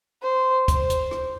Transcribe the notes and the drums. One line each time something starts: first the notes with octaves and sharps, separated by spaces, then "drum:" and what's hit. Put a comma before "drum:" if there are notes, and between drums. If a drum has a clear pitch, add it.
C5
C5, drum: kick, hi-hat
drum: hi-hat
drum: rim click